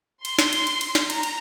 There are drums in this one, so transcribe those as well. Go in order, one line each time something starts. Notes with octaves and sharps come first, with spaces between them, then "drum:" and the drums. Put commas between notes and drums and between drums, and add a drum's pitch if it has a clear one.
C6, drum: cymbal
drum: snare
drum: cymbal
drum: cymbal
drum: cymbal
drum: snare
A#5, drum: cymbal
drum: cymbal